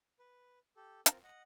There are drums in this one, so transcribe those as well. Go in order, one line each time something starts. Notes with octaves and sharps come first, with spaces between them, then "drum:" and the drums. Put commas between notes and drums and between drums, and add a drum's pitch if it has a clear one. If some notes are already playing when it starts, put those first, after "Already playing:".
B4
G4 A4
C4 F4 A#4, drum: hi-hat
D#5 F#5